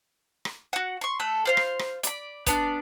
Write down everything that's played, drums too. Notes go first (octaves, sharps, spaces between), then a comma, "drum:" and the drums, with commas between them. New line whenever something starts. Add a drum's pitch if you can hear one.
drum: rim click
F#4 F#5
C6 C#6
A3 A4 E6 F#6
F4 C5 F5
drum: rim click
drum: rim click
D5 B5, drum: hi-hat
B3 D4 D5, drum: kick, hi-hat